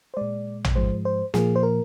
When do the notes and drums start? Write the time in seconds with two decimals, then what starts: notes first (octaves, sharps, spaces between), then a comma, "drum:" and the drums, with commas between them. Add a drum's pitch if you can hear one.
0.14 C5
0.17 A#2 G#3 D5
0.64 drum: tom A1
0.76 G#2 F3 G#3 C5
1.05 C5
1.34 A#2 F3 A#3 G#4, drum: snare
1.56 C5
1.63 A#4